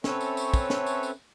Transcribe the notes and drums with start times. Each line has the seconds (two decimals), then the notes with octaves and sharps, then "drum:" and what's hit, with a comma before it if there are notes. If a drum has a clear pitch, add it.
0.04 C4 C#4 A4 B4 C#5 E5, drum: snare
0.21 drum: tambourine
0.37 drum: tambourine
0.54 drum: kick, tambourine
0.70 drum: snare
0.86 drum: tambourine
1.03 drum: tambourine